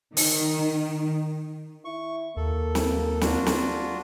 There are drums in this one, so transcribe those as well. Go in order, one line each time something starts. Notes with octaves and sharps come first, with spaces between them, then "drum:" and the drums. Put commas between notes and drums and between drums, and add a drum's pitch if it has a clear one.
D#3, drum: open hi-hat
E4 C#6
D#2 A#3 A4
drum: snare
D4 F4 F#4, drum: snare
drum: snare